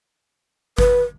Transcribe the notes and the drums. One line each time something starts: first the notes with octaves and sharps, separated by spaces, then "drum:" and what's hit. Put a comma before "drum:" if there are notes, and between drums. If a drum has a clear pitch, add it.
B4, drum: kick G1